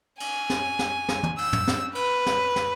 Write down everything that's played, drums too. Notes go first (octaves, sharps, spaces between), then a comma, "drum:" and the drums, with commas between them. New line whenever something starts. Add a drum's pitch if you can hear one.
G#5, drum: cymbal
drum: snare
drum: snare
drum: snare
drum: tom
E6, drum: cymbal
drum: tom
drum: snare
B4, drum: cymbal
drum: snare
drum: snare